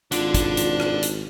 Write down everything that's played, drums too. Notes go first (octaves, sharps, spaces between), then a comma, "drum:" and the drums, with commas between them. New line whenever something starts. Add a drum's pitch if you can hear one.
G#1 D4 F4 D5 F#5, drum: hi-hat
drum: kick, hi-hat
drum: hi-hat
drum: rim click
drum: hi-hat